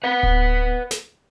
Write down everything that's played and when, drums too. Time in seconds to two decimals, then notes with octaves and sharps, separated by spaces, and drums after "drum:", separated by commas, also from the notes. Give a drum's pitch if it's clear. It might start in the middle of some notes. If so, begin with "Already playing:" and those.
0.04 B4 F#5
0.23 drum: kick D1
0.91 drum: snare